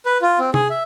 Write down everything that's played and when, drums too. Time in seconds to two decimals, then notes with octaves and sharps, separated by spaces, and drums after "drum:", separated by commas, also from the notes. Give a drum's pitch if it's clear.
0.06 B4
0.22 F4
0.39 C4
0.54 G#4, drum: tom
0.70 E5